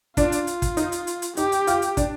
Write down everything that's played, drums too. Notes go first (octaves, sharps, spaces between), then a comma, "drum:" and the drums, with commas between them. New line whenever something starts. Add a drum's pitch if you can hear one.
D4 F4, drum: kick, hi-hat
drum: hi-hat
drum: hi-hat
drum: kick, hi-hat
D#4, drum: hi-hat
drum: hi-hat
drum: hi-hat
drum: hi-hat
D#4 G4, drum: hi-hat
drum: hi-hat
F4, drum: hi-hat
drum: hi-hat
D4, drum: kick, hi-hat